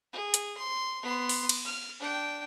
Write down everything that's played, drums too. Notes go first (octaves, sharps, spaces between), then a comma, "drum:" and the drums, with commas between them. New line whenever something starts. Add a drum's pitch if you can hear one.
G#4
drum: hi-hat
C6
B3 C6
drum: open hi-hat
drum: cymbal
F6
D4 G5